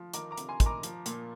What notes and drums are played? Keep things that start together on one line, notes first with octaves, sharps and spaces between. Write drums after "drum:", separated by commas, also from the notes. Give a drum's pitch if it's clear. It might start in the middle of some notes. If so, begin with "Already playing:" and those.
Already playing: F3
D#3 A#5 D6, drum: hi-hat
A#5 D6
C3, drum: hi-hat
G#5 C6
D#3, drum: kick, hi-hat
A#5 D6
F3, drum: hi-hat
A#2, drum: hi-hat